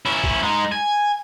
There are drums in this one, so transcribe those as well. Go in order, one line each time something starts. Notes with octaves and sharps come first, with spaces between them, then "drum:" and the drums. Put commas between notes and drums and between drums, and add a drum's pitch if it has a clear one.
C#4 E4
drum: kick
G#3 D#4
G#5